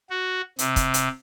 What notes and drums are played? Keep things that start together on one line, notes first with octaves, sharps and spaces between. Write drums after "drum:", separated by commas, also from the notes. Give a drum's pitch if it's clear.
F#4
C3, drum: hi-hat
drum: kick, hi-hat
drum: hi-hat